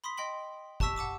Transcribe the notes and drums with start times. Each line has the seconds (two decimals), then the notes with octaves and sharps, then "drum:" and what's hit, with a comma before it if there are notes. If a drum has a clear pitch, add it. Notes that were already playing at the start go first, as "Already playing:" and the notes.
0.04 B5 C6 D#6 B6
0.17 D#5 G5 C6 F#7
0.80 G4 A5 C#6 E6 B6 E7, drum: kick G1
0.96 F#5 A5 D6 E6